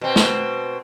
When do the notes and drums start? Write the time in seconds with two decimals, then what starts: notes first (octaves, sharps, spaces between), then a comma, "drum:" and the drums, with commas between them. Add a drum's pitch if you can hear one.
0.01 B2 C4
0.16 drum: snare